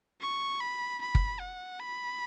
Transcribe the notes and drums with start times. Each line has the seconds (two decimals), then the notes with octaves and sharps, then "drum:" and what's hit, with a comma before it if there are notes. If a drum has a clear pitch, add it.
0.21 C#6
0.61 B5
1.01 B5
1.15 drum: kick
1.40 F#5
1.80 B5